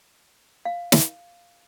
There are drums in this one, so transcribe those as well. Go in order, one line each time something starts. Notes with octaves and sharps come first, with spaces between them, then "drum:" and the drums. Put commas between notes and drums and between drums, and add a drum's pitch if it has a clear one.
F5
drum: snare